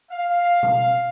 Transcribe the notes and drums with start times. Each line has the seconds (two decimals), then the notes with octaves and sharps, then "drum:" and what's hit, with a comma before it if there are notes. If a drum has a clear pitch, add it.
0.11 F5
0.63 drum: tom B2